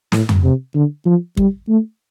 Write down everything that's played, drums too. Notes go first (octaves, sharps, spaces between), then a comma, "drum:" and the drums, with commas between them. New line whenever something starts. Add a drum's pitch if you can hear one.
A2, drum: snare
drum: tom F2
C3
D3
F3
G3, drum: kick
A3